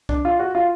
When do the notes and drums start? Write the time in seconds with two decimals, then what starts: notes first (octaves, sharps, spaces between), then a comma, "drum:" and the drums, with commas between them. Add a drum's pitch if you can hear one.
0.09 D4, drum: kick
0.25 F4
0.39 F#4
0.55 F4